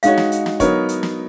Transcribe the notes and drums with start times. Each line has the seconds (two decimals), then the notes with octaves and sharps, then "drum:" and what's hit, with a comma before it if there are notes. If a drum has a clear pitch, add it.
0.03 G#3 D#4 F#4 C#5 F5, drum: hi-hat
0.18 drum: snare
0.32 drum: hi-hat
0.46 drum: snare
0.60 F#3 B3 D#4 A#4 C#5, drum: kick, hi-hat
0.89 drum: hi-hat
1.03 drum: snare